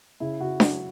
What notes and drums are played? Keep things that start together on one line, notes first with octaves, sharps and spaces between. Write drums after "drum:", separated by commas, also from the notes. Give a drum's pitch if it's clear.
C#3 E4
C#3 F#4
F#3, drum: snare D4